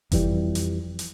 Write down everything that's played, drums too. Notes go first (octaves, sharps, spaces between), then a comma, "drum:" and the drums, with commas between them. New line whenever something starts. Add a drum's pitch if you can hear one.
F2 E3 G3, drum: kick F#1, hi-hat
drum: hi-hat
drum: hi-hat